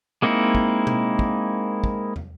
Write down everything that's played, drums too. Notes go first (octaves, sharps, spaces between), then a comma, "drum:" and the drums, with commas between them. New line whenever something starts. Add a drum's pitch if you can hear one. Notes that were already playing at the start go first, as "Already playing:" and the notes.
G#3 A#3 C4 D#4 E4
drum: kick
drum: tom B2
drum: kick
drum: kick
drum: tom